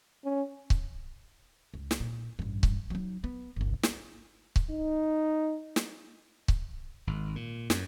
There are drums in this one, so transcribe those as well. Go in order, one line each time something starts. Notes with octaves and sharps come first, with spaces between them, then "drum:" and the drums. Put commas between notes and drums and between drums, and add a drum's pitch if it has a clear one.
C#4
drum: kick C#1
C#2
drum: snare
A#2
A1 G2
drum: kick C#1
F#3 D#4
B3
G1 C2
drum: snare
drum: kick C#1
D#4
drum: snare
drum: kick C#1
G#1
A#2
F#2, drum: snare